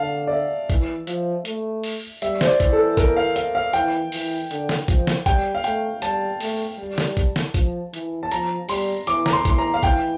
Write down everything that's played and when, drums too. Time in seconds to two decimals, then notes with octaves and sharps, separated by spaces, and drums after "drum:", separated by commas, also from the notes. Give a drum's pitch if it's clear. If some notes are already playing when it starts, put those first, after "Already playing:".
Already playing: D3 F5 A5
0.27 D5
0.31 E5
0.70 E3, drum: kick, hi-hat
1.07 F3, drum: hi-hat
1.45 A3, drum: hi-hat
1.84 drum: open hi-hat
2.22 G3 E5, drum: hi-hat
2.41 C5, drum: snare
2.47 D5
2.60 E3, drum: kick, hi-hat
2.73 A4
2.97 A#4, drum: kick, hi-hat
3.17 F5
3.36 F5, drum: hi-hat
3.55 F5
3.73 E3 G5, drum: hi-hat
4.12 E3, drum: open hi-hat
4.51 D3, drum: hi-hat
4.69 drum: snare
4.88 F3, drum: kick, hi-hat
5.07 drum: snare
5.26 G3 G5, drum: kick, hi-hat
5.55 F5
5.64 A3 G5, drum: hi-hat
6.02 G3 A5, drum: hi-hat
6.40 A3, drum: open hi-hat
6.78 G3
6.98 drum: snare
7.17 drum: kick, hi-hat
7.36 drum: snare
7.54 F3, drum: kick, hi-hat
7.94 E3, drum: hi-hat
8.23 A5
8.31 F3 A#5, drum: hi-hat
8.69 G3 C6, drum: open hi-hat
9.07 E3 D6, drum: hi-hat
9.26 A#5, drum: snare
9.33 C6
9.45 E3, drum: kick, hi-hat
9.50 C6
9.58 A#5
9.74 F5
9.83 E3 G5, drum: kick, hi-hat